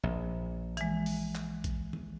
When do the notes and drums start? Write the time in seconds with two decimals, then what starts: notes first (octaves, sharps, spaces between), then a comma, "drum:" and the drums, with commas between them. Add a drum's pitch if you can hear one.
0.03 A#1
0.77 E3 G#3, drum: hi-hat
1.06 drum: open hi-hat
1.35 drum: clap
1.64 drum: kick A#1, hi-hat
1.93 drum: tom D#3